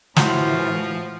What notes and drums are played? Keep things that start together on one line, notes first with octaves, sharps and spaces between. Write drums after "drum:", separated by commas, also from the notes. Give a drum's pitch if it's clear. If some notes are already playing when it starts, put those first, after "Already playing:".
A2 E3 F3 F#4 C5, drum: snare